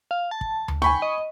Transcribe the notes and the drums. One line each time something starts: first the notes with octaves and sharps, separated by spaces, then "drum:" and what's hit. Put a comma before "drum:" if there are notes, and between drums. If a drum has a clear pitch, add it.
F5
A5
drum: kick
drum: tom D2
G5 G#5 B5 C#6, drum: snare D#4
D#5